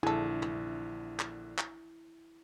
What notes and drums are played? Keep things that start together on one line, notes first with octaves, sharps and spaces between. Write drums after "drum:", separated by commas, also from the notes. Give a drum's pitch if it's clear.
A#1 D3 E4 G#4 A4
drum: tom
drum: clap
drum: clap